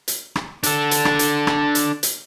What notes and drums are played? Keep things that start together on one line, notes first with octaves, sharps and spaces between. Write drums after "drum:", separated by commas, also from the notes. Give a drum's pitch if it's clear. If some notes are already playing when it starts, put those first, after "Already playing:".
drum: hi-hat
drum: rim click
D4 A4, drum: hi-hat
drum: hi-hat
drum: rim click
drum: hi-hat
drum: rim click
drum: hi-hat
drum: hi-hat